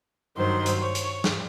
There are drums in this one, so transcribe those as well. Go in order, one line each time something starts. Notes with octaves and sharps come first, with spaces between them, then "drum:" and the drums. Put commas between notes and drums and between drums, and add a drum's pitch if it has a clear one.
G2 D#3 F#3 C5
drum: hi-hat
C#5
drum: hi-hat
drum: snare